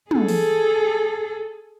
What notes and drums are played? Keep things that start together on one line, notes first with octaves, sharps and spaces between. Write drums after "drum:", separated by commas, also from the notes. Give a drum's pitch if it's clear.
G#4 A4, drum: tom
drum: open hi-hat